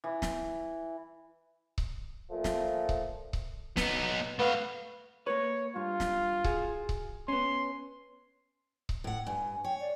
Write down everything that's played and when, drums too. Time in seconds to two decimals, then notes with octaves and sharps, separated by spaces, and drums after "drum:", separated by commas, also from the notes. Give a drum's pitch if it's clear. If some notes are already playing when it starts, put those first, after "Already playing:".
0.04 E3
0.22 drum: snare
1.78 drum: kick C#1
2.31 A#2 F3 A3
2.44 drum: snare
2.89 drum: kick C#1
3.33 drum: kick C#1
3.77 B3 D#4, drum: snare
4.39 A3 B3 F5
5.27 A#3 B4 C#5
5.76 G2 F4
6.00 drum: snare
6.44 F#4 G#4, drum: kick C#1
6.89 drum: kick C#1
7.28 B3 C#4 C6
8.89 drum: kick C#1
9.04 A2 F#5
9.27 G2 G#5
9.64 C#5 G5
9.80 D5